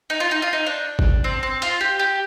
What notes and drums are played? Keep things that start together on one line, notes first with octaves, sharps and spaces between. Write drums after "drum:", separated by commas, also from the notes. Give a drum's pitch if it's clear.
D#4
F4
D#4
F4
D#4
D4
drum: kick G#1
C4
C4
F4, drum: hi-hat
G4
G4